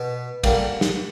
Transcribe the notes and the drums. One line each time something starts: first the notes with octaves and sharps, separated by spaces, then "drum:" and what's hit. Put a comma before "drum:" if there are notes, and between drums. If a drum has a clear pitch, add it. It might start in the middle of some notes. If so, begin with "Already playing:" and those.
Already playing: B2 B3
D3 G3 A#3, drum: kick A#1, cymbal
drum: snare